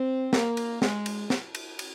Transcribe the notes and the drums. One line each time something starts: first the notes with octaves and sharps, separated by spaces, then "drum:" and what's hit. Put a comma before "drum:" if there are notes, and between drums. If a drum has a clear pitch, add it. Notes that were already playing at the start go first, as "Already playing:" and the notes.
Already playing: C4
A#3, drum: snare
drum: cymbal
G#3, drum: snare
drum: cymbal
drum: snare
drum: cymbal
drum: cymbal